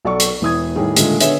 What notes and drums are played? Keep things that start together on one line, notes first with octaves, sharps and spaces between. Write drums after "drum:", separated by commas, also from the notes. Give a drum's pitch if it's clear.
B1 A4 D5 C#6
drum: hi-hat
E1 E3 D#6 G#6
A2 D#3 G3 G#4
A#2 D3 D#3 G#3 A3, drum: hi-hat
D3 B3 G#4 C#5 E5 E7, drum: hi-hat